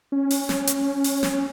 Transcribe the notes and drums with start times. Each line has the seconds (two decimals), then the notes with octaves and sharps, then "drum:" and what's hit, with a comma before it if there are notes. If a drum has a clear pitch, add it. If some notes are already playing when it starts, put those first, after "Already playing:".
0.12 C#4
0.31 drum: open hi-hat
0.49 drum: snare
0.67 drum: hi-hat
1.04 drum: open hi-hat
1.23 drum: snare